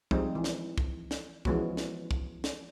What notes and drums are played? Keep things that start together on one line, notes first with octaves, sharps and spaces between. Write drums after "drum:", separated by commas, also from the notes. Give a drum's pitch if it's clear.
F3 G3 G#3 C4 D#4, drum: kick
E3
drum: snare
drum: kick
drum: snare
E3 F3 G#3 B3 C#4 F#4, drum: kick
drum: snare
drum: kick
drum: snare